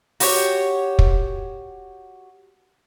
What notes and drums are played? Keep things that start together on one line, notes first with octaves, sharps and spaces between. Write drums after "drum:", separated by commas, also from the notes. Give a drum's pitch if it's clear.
F#4 G4 C#5, drum: open hi-hat
drum: kick